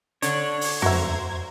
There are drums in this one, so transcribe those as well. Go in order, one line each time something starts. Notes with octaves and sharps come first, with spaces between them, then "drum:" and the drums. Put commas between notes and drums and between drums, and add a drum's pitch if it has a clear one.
D3 D4 C#5, drum: hi-hat
drum: open hi-hat
F#4 C5 E5 A#5 G#6, drum: tom